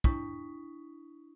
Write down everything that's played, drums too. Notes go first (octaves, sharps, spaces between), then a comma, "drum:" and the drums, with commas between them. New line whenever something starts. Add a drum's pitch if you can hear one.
D4 E4 C#6 D#6 B6, drum: kick